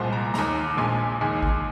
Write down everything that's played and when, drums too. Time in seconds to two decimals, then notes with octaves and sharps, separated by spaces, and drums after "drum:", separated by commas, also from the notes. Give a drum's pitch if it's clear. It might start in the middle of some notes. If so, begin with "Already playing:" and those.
Already playing: C2 A#2 F3 G#3 C5
0.12 A#5
0.34 D#2 D#3 G#3 A#5, drum: snare
0.77 A#1 A#2 F3 G#3 G#5
1.21 D#2 D#3 G#3 G#5
1.42 drum: kick G#1